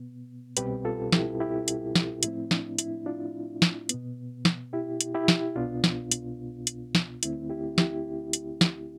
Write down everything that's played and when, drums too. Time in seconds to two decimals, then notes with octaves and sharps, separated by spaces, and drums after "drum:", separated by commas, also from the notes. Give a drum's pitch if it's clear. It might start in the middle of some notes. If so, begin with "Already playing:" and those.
Already playing: B2 B3
0.57 C2 B2 G3 C4 G4 B4, drum: hi-hat
0.85 F4 A4
1.12 E4 G4, drum: snare
1.40 E4 G4
1.68 drum: hi-hat
1.95 drum: snare
2.23 A2 F3 A3 C4 E4, drum: hi-hat
2.51 D4, drum: snare
2.78 E4, drum: hi-hat
3.06 D4 F4
3.62 drum: snare
3.89 B2 B3, drum: hi-hat
4.45 drum: snare
4.73 E4 G4
5.01 drum: hi-hat
5.15 E4 G4
5.28 drum: snare
5.56 C2 B2 B3 D4 F4
5.84 drum: snare
6.11 drum: hi-hat
6.67 drum: hi-hat
6.95 drum: snare
7.23 D2 D3 A3 C4 E4, drum: hi-hat
7.50 E4 G4
7.78 E4 G4, drum: snare
8.33 drum: hi-hat
8.61 drum: snare